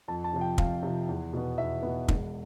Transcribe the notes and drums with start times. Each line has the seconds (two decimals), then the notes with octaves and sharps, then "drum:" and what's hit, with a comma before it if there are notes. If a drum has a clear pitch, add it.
0.08 F2 A5
0.24 A5
0.33 C3 F3
0.41 G5
0.58 F2 F5, drum: kick
0.83 C3 F3
1.09 E2
1.33 B2 B3
1.57 E2 E5
1.82 B2 B3
2.08 E1, drum: kick